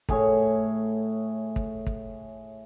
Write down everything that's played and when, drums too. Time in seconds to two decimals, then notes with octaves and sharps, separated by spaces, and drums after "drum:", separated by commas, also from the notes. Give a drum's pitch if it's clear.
0.09 A2 G#4 C#5, drum: kick
1.56 drum: kick
1.86 drum: kick